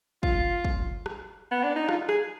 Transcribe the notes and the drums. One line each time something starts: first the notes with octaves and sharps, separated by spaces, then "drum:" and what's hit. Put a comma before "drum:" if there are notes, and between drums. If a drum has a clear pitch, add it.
F4, drum: kick
drum: kick
drum: rim click
B3
D4
D#4
F4, drum: rim click
G#4, drum: rim click